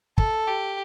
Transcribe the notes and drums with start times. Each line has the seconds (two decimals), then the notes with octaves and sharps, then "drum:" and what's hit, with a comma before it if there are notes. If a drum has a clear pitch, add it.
0.18 A4, drum: kick
0.48 G4